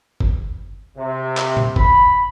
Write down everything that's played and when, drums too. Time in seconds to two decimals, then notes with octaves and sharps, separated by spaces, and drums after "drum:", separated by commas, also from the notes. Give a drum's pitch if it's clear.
0.20 drum: kick F#1
0.97 C3
1.37 drum: clap
1.57 drum: tom
1.76 B5, drum: kick F#1